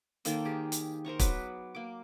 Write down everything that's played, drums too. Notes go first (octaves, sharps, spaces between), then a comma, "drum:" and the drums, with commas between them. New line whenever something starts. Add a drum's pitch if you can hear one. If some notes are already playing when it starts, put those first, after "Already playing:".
D#3 A#3 A4 C5, drum: hi-hat
G4 G#4
drum: hi-hat
A#4 C5 A#5 C#6
F#3 B3 B4 D6, drum: kick, hi-hat
A#3 D6